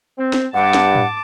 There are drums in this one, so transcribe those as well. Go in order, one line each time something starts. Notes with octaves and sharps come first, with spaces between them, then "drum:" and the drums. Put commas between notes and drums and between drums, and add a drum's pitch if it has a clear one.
C4
drum: snare
G2 F#5 A5 D6
drum: snare
drum: tom